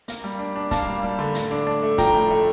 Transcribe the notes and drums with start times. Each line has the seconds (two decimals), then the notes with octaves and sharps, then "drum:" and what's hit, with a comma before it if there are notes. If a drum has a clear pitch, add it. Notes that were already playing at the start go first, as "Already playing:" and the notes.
0.08 A#3, drum: hi-hat
0.24 G3
0.39 D4
0.56 D4
0.71 A#3 F5 A5, drum: kick C#1, hi-hat
0.88 G3
1.03 G3
1.19 D3
1.35 A2, drum: hi-hat
1.51 D4
1.67 D4
1.82 A3
1.98 F3 G5 A#5, drum: kick C#1, hi-hat
2.14 A2
2.30 A3